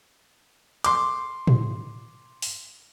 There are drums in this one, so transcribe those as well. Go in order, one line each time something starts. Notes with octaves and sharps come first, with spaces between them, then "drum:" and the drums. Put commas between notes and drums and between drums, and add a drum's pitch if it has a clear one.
C6 D6, drum: hi-hat
drum: tom
drum: open hi-hat